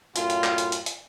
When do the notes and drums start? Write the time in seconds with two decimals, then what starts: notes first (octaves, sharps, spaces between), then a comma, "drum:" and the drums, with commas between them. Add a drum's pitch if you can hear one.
0.16 F#2 A2 F4, drum: hi-hat
0.30 drum: hi-hat
0.44 drum: clap
0.58 drum: hi-hat
0.72 drum: hi-hat
0.86 drum: hi-hat